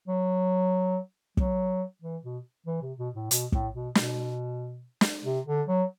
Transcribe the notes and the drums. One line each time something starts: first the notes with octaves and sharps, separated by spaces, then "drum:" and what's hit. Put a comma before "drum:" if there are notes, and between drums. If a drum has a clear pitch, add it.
F#3
F#3, drum: kick
E3
B2
E3
C3
B2
A2
B2, drum: hi-hat
A2, drum: kick
B2
B2, drum: snare
drum: snare
C3
D3
F#3